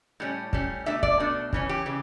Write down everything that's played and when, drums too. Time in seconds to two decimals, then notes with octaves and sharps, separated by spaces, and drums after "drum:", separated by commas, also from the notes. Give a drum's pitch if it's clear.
0.20 A2 G3 C#4
0.53 A2 G3 C#4, drum: kick
0.86 B2 A3 D4 E5
1.03 D5, drum: kick
1.20 B2 A3 D4
1.53 C#3 E3 C#4, drum: kick
1.69 G4
1.86 C#3 E3